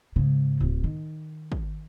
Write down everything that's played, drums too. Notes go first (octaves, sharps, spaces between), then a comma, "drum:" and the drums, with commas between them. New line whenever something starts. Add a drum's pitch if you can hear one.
G#2 C#3
D1
D#3
drum: kick